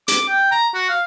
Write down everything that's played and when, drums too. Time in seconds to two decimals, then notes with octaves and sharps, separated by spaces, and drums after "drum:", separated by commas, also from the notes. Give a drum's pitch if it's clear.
0.08 D6, drum: hi-hat
0.29 G5
0.52 A#5
0.74 F#4
0.89 F5